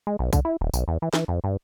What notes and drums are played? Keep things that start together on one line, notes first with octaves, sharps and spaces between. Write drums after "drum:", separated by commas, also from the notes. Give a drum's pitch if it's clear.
G#3
B1
D3, drum: kick B1, tambourine
E4
D#1
B1, drum: tambourine
E2
E3
E3, drum: snare
F2
G2